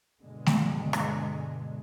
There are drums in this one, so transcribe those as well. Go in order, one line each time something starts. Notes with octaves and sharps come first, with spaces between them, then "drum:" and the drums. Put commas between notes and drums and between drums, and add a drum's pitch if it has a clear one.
G2 B2 D3 G#3
drum: snare A3
drum: rim click